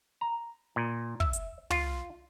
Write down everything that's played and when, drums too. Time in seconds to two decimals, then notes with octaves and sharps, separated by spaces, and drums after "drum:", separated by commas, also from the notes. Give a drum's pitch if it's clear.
0.21 A#5
0.76 A#2
1.20 E5, drum: kick
1.33 drum: hi-hat
1.70 F4, drum: tom